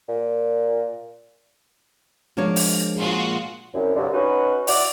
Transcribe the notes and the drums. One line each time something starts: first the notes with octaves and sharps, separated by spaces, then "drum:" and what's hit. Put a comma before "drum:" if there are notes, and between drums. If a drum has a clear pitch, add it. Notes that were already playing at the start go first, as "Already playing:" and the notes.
A#2
F3 G#3 A#3 D4 F#4 C#5
drum: open hi-hat
A#2 F4 F#4 G#4
C2 F#2
C2 G2 D3 F#3
C#4 D#4 F#4 B4
E4 F#4 D5, drum: open hi-hat